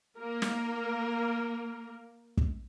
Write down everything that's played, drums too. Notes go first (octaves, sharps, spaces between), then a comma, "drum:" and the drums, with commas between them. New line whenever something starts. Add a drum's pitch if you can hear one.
A#3 A#4
drum: snare
drum: kick